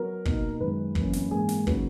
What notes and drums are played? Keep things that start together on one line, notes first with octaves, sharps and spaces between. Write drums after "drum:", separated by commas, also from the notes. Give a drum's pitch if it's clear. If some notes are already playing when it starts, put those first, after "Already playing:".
Already playing: F#3 B3 A#4
B2 A#3 D#4, drum: kick
F#2 D#3 G#3 B3 B4
F#2 E3 A#3 C#4, drum: kick
drum: snare
G#2 E3 A#3 G#4
drum: snare
C#3 F#3 A#3 D#4 B4, drum: kick